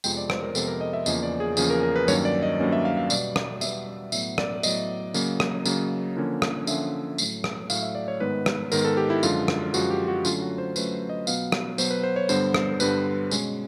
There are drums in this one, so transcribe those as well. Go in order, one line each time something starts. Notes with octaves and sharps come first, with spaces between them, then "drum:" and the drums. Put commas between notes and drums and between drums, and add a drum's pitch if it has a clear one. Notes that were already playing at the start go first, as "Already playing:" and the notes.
F2 C3 F3 G#3 B3 G5, drum: tambourine
D5
C5, drum: rim click
A#4
F2 C3 F3 G#3 B3 A4, drum: tambourine
A#4
D#5
E5
E2 C#3 F3 A#3 C#4 D#5, drum: tambourine
D5
G#4
E2 C#3 F3 A#3 C#4 G#4, drum: tambourine
A#4
A#4
B4
G2 D#3 F#3 A#3 C#4 C#5, drum: tambourine
D5
D#5
G2 D#3 F#3 A#3 C#4
E5
F5
F5
B2 G3 B3 D5, drum: tambourine
drum: rim click
B2 G3 B3 E5, drum: tambourine
A2 F#3 B3 E5, drum: tambourine
D5, drum: rim click
A2 F#3 B3 D#5, drum: tambourine
C#3 F#3 A#3, drum: tambourine
drum: rim click
C#3 F#3 A#3, drum: tambourine
D3 F3 A#3 C#4
drum: rim click
D3 F3 A#3 C#4 E5, drum: tambourine
A2 F#3 A3, drum: tambourine
drum: rim click
A2 F#3 A3 F5, drum: tambourine
E5
D5
C#5
G#2 D#3 G#3 B3 B4
drum: rim click
G#2 D#3 G#3 B3 A#4, drum: tambourine
A4
G4
E4
F#2 D3 F3 G#3 F4, drum: tambourine
drum: rim click
F#2 D3 F3 G#3 F#4, drum: tambourine
G4
F#4
D3 F#3 A3 C#4 F4, drum: tambourine
F#4
C5
D3 F#3 A3 C#4 B4, drum: tambourine
D#5
B2 F#3 B3 F5, drum: tambourine
drum: rim click
B2 F#3 B3 C5, drum: tambourine
B4
C5
C#5
G2 D3 G3 B3 C5, drum: tambourine
drum: rim click
G2 D3 G3 B3 B4, drum: tambourine
B2 G#3 C#4, drum: tambourine